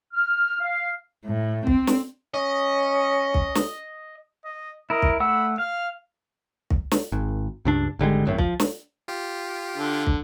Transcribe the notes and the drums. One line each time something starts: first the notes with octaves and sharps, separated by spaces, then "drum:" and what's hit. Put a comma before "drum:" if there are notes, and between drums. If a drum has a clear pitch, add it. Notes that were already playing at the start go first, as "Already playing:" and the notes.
F6
F5
A2
C4, drum: kick
drum: snare
C#4 D#5
drum: kick
drum: snare
D#5
E4 A#4 D#5
drum: kick
A3 F#5 B5 E6
F5 F6
drum: kick
drum: snare
G#1
C#2 G2 D4
G#1 D3 G3 G#3
G#1 F#2 A2
F3, drum: kick
drum: snare
F4 G4
D3
drum: kick